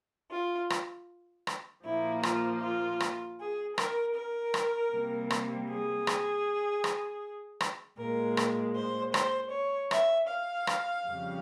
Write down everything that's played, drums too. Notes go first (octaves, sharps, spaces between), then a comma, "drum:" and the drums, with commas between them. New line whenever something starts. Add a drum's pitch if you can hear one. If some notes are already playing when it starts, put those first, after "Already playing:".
F4
drum: rim click
drum: rim click
A#2 F3 A#3 E4
F4, drum: rim click
F4
drum: rim click
G#4
A#4, drum: rim click
A#4
drum: rim click
C3 G3 A#3
drum: rim click
G#4
drum: rim click
drum: rim click
drum: rim click
A#2 G#3 A#4
drum: rim click
C5
C5, drum: rim click
C#5
E5, drum: rim click
F5
drum: rim click
F2 C#3 G3